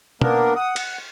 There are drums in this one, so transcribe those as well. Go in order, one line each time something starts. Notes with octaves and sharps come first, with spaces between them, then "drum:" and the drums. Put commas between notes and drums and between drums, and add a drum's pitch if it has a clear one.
A#3 B3 D4 A#4, drum: tom
F#5 D#6
F#5, drum: cymbal